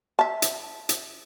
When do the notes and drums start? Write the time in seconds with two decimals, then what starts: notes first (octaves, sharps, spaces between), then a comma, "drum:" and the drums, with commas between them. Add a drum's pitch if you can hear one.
0.19 E5 A5
0.42 drum: hi-hat
0.89 drum: hi-hat